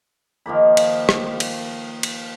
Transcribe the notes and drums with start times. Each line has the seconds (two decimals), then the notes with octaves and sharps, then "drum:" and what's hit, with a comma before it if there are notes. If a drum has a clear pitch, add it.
0.46 D#3 F3 A#3 B5
0.77 drum: cymbal
1.09 drum: rim click
1.40 drum: cymbal
2.03 drum: cymbal